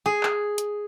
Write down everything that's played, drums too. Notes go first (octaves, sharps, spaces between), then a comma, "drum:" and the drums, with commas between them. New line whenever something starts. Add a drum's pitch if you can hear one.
G#4
drum: clap
drum: hi-hat